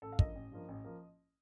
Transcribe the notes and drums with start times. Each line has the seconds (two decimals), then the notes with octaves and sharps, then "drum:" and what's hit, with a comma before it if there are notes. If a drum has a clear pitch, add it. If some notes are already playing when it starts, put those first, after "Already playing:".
0.02 A1 A4
0.12 F5
0.19 G2 F3 A#3 D#5, drum: kick
0.35 A1
0.52 G2 F3 A#3
0.68 A1
0.84 F3 A#3